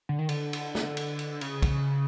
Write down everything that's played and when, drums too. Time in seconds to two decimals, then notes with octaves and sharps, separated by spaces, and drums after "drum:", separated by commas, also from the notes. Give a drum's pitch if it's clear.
0.09 D3
0.19 D#3
0.29 D3, drum: cymbal
0.53 drum: cymbal
0.75 drum: snare
0.97 drum: cymbal
1.19 drum: cymbal
1.41 C#3, drum: cymbal
1.62 drum: kick, cymbal